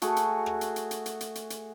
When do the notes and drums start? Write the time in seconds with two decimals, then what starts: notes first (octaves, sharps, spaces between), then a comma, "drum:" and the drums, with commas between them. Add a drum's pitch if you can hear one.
0.02 A3 F#4 G#4, drum: hi-hat
0.16 drum: hi-hat
0.46 drum: rim click
0.61 drum: hi-hat
0.76 drum: hi-hat
0.91 drum: hi-hat
1.06 drum: hi-hat
1.21 drum: hi-hat
1.35 drum: hi-hat
1.50 drum: hi-hat